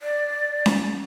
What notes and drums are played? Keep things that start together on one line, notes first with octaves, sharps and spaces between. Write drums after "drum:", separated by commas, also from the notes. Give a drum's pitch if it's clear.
D5
drum: snare C#4